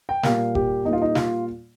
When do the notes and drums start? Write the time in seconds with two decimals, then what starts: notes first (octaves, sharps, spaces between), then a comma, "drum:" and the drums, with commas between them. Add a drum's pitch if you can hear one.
0.09 G5
0.23 A#2 G3 A#3 F5, drum: snare
0.55 G4, drum: kick E1
0.85 A#2 G3 A#3 D#4
0.93 F4
1.02 D#4
1.15 F4, drum: snare